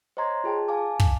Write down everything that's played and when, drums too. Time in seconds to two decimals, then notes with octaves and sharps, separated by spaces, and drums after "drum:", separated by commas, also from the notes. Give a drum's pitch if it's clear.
0.17 C5 C#5 D#5 A#5 C6 G#6
0.44 F4 G#4 G5 A5
0.68 F5 G#5 A5 D6
1.00 drum: kick